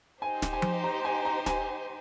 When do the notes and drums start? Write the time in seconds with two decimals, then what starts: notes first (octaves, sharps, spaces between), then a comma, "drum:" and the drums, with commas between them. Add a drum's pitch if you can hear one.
0.22 D#4 G4 C5 G#5
0.42 drum: snare
0.53 G#5
0.62 drum: tom F3
0.84 A#5
1.05 G#5
1.25 A#5
1.46 G#5, drum: snare